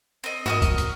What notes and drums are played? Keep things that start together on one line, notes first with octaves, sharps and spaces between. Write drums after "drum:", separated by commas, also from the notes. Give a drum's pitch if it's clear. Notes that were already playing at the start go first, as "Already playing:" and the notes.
C4 D#5
G#2 F#4 A#4 D#5, drum: snare
F#1, drum: kick C#2, hi-hat
drum: hi-hat